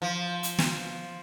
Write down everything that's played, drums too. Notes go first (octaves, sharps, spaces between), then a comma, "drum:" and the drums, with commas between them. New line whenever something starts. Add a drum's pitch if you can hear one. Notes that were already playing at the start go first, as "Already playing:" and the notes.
F3
drum: hi-hat
drum: snare